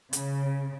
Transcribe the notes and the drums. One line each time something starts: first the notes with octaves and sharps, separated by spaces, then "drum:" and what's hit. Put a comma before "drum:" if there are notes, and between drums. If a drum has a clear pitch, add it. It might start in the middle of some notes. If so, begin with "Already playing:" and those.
C#3, drum: hi-hat